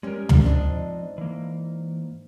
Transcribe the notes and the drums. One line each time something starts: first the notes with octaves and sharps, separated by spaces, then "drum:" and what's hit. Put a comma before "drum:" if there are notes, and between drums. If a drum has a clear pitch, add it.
G3 G#3 C#4 A#4
drum: tom
G#2 F3 C4 D4 D#5
E3 A#3